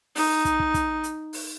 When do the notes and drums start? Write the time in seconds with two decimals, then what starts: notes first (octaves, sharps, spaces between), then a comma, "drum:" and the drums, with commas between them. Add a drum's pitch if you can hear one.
0.16 D#4, drum: open hi-hat
0.45 drum: kick, hi-hat
0.60 drum: kick
0.74 drum: kick, hi-hat
1.04 drum: hi-hat
1.33 drum: open hi-hat